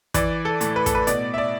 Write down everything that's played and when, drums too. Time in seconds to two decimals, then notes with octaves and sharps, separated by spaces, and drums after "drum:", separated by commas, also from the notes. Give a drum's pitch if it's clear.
0.14 E3 D5, drum: kick, hi-hat
0.45 A4
0.61 A2, drum: hi-hat
0.76 B4
0.86 A4, drum: kick, hi-hat
0.95 B4
1.07 B2 D5, drum: hi-hat
1.34 E5
1.38 D5